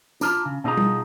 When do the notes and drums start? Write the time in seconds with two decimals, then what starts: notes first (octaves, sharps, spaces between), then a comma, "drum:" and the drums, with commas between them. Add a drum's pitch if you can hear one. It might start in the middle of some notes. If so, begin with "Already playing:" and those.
0.21 D4 F4 A#5, drum: tambourine
0.46 C#3
0.64 B2 C4 D#4 F4 G#4 A#5
0.77 drum: tom